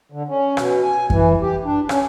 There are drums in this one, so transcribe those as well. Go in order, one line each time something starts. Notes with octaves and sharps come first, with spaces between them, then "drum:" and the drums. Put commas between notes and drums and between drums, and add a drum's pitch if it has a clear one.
D3
C#4
B2, drum: rim click
G#5
E3, drum: kick F#2
G4
D4
C#4, drum: rim click